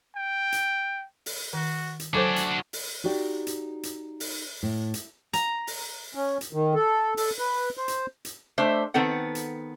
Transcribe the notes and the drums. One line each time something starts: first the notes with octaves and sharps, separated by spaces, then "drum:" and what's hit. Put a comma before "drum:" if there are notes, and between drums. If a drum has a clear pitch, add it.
G5
drum: hi-hat
drum: open hi-hat
D#3 F#4
drum: hi-hat
F#3 D4 F#4 A4 C5 G#5
drum: hi-hat
drum: open hi-hat
D#4 F#4 G4 D5
drum: hi-hat
drum: hi-hat
drum: open hi-hat
A2
drum: hi-hat
A#5, drum: hi-hat
drum: open hi-hat
C#4
drum: hi-hat
D#3
A4
A4, drum: open hi-hat
B4
C5
drum: hi-hat
drum: hi-hat
A3 D4 C5 E5
D#3 B3 C4 A4 F#5
drum: hi-hat